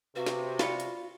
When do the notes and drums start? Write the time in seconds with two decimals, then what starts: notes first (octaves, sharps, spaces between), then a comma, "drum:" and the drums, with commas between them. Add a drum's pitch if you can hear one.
0.16 C3 F#4 B4 F5
0.26 drum: snare
0.59 F4 D5 B5 C#7, drum: snare
0.80 drum: hi-hat